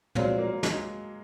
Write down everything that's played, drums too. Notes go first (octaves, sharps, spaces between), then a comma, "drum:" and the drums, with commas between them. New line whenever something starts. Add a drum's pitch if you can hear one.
A#2 F3 F#3 G#3 C4, drum: tom
A#3
G#3, drum: snare